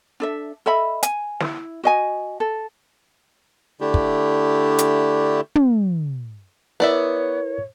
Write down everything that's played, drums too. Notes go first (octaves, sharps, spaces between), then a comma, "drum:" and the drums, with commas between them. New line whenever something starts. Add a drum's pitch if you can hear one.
D4 A4 E5
A4 D#5 E5 B5
G#5, drum: hi-hat
E4, drum: snare
F#4 D#5 G#5
A4
D3 A3 D4 E4 G4
drum: kick
drum: hi-hat
drum: tom
B3 E4 A#4 B4 C#5 D5 E5